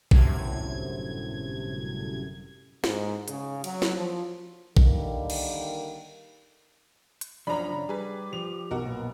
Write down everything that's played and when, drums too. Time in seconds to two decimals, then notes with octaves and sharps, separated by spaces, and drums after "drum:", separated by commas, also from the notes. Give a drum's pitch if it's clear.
0.11 G1 F#2 A2 C3 G#6, drum: kick A#1
2.84 G#2, drum: snare
3.28 C#3, drum: hi-hat
3.64 F#3, drum: cymbal
3.82 drum: snare
3.96 F3
4.77 D3 D#3 G3 A#3, drum: kick A#1
5.30 drum: cymbal
7.21 drum: hi-hat
7.47 F#2 F3 F#3 D4 A#5 B5
7.68 C#3
7.89 G3 G4 G#4 B4
8.33 F3 F7
8.71 B1 F#4 A#4
8.86 A#2 B3